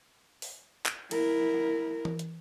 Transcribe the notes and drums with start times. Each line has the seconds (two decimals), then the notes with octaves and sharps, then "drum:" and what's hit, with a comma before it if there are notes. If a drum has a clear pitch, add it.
0.42 drum: open hi-hat
0.86 drum: clap
1.11 E4 A#4, drum: cymbal
2.05 drum: tom E3
2.19 drum: hi-hat